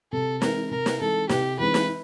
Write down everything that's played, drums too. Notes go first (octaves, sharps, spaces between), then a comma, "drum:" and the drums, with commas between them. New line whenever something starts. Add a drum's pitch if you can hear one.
C3 A4
E3 G#3 C4 D#4 A#4, drum: snare
C3 A#4
drum: snare
E3 G#3 C4 D#4 A4
C3 G4, drum: snare
E3 G#3 C4 D#4 B4
drum: snare